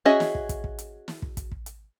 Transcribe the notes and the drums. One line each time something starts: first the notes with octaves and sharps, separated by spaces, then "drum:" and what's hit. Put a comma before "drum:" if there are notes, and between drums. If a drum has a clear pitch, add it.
C#4 F#4 G#4 D#5 E5
drum: snare
drum: kick
drum: kick, hi-hat
drum: kick
drum: hi-hat
drum: snare
drum: kick
drum: kick, hi-hat
drum: kick
drum: hi-hat